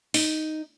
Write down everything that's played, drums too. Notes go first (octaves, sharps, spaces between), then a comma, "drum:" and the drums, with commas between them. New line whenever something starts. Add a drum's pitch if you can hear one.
D#4, drum: open hi-hat